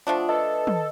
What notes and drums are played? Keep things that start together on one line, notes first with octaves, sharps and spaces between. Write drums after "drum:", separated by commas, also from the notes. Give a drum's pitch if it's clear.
F3 A3 D4 F4 F#5 D#6
A4 B4 D#5
drum: tom